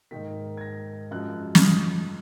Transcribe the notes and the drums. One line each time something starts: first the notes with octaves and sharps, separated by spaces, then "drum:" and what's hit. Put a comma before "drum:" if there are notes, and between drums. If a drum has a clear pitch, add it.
G#2 D#3 A#3 B6
G#6
A#6
F#2 F3 G#3 F#6
F6, drum: snare
D#6